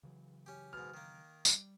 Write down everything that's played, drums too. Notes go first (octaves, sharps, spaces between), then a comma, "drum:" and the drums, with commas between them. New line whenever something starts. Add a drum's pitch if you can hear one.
C#3 E3 F#3
C#4 G4
G#2 B2 F6
D#3 A#3
G3, drum: tambourine